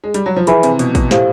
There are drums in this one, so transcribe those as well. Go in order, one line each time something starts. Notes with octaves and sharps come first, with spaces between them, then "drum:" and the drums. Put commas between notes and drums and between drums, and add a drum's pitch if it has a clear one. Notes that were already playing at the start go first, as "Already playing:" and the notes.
G#3
G3, drum: hi-hat
F#3
F3
E3 G#4 B4 E5 G#5 B5, drum: hi-hat
C3, drum: hi-hat
B2, drum: hi-hat
B2, drum: kick, hi-hat
A2 G4 C5 F5, drum: snare